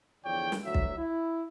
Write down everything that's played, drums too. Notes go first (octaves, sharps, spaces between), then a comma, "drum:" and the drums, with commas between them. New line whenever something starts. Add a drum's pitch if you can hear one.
E2 D3 F3 C#5 D5 G5
drum: snare
D2 E3 F#3 E5
drum: kick
E4